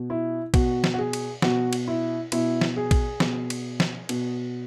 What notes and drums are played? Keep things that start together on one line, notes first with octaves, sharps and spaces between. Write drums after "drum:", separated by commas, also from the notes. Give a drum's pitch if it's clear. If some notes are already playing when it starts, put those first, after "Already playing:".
Already playing: B2
E4
B2 F#4, drum: kick, cymbal
drum: snare
F#4
G#4
drum: cymbal
B2 F#4, drum: snare
drum: cymbal
E4
B2 E4, drum: cymbal
drum: snare
G#4
drum: kick, cymbal
B2, drum: snare
drum: cymbal
drum: snare
B2, drum: cymbal